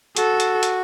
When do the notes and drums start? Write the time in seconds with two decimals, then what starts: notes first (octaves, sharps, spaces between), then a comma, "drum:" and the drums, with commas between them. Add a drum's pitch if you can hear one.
0.17 F#4 A4, drum: hi-hat
0.40 drum: hi-hat
0.63 drum: hi-hat